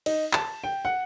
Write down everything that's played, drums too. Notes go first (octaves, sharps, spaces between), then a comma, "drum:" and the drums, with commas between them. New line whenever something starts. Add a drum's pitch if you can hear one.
D#4, drum: cymbal
A5, drum: clap
G5
F#5